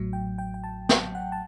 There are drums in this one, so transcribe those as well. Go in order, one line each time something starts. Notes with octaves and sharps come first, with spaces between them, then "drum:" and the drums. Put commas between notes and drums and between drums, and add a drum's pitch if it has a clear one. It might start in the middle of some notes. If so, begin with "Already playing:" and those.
Already playing: A1 A2 F#3
G5
G5
G5
A5
G5, drum: snare
F#5
A5